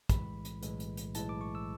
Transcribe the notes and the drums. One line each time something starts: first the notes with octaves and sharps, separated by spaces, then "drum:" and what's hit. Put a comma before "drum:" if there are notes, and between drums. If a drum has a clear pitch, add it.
B1 A2 E3 G#3 B5, drum: kick, hi-hat
drum: hi-hat
B1 A2 E3 G#3, drum: hi-hat
drum: hi-hat
drum: hi-hat
B1 A2 E3 G#3 A5, drum: hi-hat
D6
C#6
E6